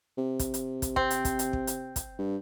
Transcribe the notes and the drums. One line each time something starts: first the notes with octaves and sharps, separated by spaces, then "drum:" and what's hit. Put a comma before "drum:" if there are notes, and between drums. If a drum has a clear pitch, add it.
C3
drum: kick, hi-hat
drum: hi-hat
drum: kick, hi-hat
C4, drum: kick
drum: hi-hat
drum: kick, hi-hat
drum: hi-hat
drum: kick
drum: hi-hat
drum: kick, hi-hat
G2